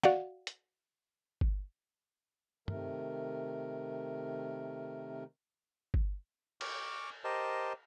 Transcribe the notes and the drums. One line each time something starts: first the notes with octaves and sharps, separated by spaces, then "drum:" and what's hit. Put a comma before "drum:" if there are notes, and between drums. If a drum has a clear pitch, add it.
F#4 D5 F5 F#5, drum: snare
drum: hi-hat
drum: kick G1
C3 D#3 A3 A#4, drum: tom G2
drum: kick G1
C#6 D6 F6, drum: cymbal
G4 A#4 C5 D#5 A5